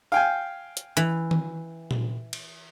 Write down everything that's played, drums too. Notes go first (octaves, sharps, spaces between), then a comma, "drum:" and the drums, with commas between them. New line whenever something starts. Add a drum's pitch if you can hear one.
F5 G5 G#5
drum: hi-hat
E3
drum: tom D#3
drum: tom A#2
drum: cymbal